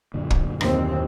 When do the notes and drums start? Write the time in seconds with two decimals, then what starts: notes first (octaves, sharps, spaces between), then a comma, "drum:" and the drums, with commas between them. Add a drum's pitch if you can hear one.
0.14 F#2 A#2 D3
0.30 drum: kick
0.61 D#2 C4, drum: rim click